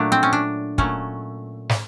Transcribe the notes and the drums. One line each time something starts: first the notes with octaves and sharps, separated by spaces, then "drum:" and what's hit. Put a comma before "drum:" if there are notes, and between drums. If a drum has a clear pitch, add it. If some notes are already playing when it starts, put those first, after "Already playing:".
Already playing: A#2 F#3 A3 D4
C4
C#4
D4
A#2 F#3 A3 C#4, drum: kick
drum: snare